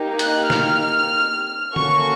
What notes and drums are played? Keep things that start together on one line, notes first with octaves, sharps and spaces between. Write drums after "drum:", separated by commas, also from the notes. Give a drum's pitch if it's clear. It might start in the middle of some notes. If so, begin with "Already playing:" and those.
Already playing: A#3 D#4 G4
F#6, drum: hi-hat
F6, drum: snare
A#3 C#4 F#4 A4 C#6, drum: tom D3